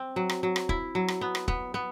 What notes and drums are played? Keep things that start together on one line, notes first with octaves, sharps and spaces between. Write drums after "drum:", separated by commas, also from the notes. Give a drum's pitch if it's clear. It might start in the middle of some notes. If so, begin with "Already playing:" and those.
Already playing: C4
F#3
drum: rim click
F#3
drum: rim click
E4, drum: kick
F#3
drum: rim click
B3
drum: rim click
B3, drum: kick
B3